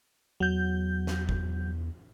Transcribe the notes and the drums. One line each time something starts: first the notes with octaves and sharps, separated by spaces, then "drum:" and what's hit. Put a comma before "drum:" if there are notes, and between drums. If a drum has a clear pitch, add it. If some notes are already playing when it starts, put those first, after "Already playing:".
E2 F#3 G6
drum: snare
drum: kick F#1